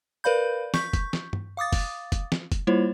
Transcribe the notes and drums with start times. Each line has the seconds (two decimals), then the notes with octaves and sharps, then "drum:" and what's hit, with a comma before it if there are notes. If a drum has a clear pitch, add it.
0.24 A#4 B4 D5 F5 B5 G6
0.74 C#6 G6 B6, drum: snare
0.93 drum: kick, hi-hat
1.13 drum: snare
1.33 drum: tom G2
1.57 F5 D6 D#6 A6
1.72 drum: kick, open hi-hat
2.12 drum: kick, hi-hat
2.32 drum: snare
2.52 drum: kick, hi-hat
2.67 G3 A#3 E4 F4 C5 C#5